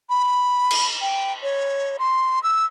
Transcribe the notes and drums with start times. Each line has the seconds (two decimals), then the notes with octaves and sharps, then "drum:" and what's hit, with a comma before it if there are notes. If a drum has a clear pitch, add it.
0.10 B5
0.71 drum: cymbal
1.01 G5
1.43 C#5
1.99 C6
2.43 E6